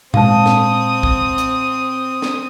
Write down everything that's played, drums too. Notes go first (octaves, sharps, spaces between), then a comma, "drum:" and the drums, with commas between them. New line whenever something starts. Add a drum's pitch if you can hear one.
A#2 G#3 C4 F5 A5 D#6, drum: tom G#2
drum: snare
drum: kick
drum: hi-hat
drum: snare